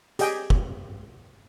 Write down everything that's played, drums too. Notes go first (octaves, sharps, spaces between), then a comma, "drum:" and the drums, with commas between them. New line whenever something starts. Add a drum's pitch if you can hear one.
G4 G#4 D#5 G5 G#5, drum: hi-hat
drum: kick